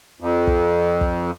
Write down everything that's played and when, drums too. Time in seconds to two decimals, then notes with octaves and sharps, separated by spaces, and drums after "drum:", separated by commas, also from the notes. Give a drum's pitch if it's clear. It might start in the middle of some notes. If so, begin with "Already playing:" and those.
0.20 F2
0.47 drum: kick
1.01 drum: kick